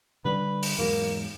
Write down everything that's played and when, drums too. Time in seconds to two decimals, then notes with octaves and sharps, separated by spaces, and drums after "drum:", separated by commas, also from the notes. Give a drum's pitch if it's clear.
0.25 D3 G3 D4 B4
0.63 drum: open hi-hat
0.79 E2 G#2 F#3 A#3